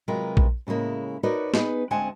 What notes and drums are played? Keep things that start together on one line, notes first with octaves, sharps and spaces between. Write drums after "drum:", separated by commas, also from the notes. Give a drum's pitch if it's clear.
C3 F#3 G#3 F4 A#4 B4
drum: kick A#1
A2 C#3 G#3 A#3 E4
D#4 F#4 A#4 B4 C#5 D5
B3 D#4 G#4 A#4 B4, drum: snare
D2 G#3 C4 F#5 G#5 A5